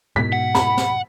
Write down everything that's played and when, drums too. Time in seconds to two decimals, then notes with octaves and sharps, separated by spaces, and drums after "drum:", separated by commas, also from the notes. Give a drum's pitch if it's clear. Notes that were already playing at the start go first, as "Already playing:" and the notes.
0.16 G#2 B2 B6
0.32 F#5
0.55 B5, drum: snare
0.77 drum: snare